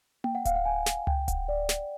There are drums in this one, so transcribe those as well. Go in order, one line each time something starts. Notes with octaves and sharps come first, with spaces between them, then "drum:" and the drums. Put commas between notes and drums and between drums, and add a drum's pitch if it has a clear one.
G5, drum: tom A#3
F#5
F5, drum: kick D1, hi-hat
F#5
G#5
drum: snare
G5, drum: tom C#2
F#5, drum: kick D1, hi-hat
D5
drum: snare